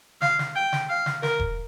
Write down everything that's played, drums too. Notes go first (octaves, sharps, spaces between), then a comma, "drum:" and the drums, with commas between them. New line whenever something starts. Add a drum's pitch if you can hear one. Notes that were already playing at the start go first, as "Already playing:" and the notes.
F5, drum: snare
drum: snare
G5
drum: snare
F5
drum: snare
A#4, drum: snare
drum: kick E1